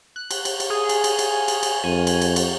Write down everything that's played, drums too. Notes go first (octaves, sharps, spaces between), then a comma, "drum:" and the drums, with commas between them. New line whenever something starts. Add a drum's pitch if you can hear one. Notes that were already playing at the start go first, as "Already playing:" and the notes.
F#6
drum: cymbal
drum: cymbal
drum: cymbal
G#4
drum: cymbal
drum: cymbal
drum: cymbal
drum: cymbal
drum: cymbal
F2 G#5
drum: cymbal
drum: cymbal
drum: cymbal